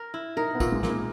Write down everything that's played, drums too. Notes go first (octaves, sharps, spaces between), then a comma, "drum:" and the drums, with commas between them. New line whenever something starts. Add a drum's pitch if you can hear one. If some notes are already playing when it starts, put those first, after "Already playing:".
Already playing: A#4
E4
D#4 A#4
B3
A#2, drum: kick, tambourine
G#3
A#2, drum: snare
A#3